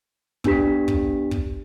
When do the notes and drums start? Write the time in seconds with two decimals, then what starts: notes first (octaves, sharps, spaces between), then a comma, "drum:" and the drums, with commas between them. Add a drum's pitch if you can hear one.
0.44 B3 D4 G4 B6, drum: kick
0.88 drum: kick
1.31 drum: kick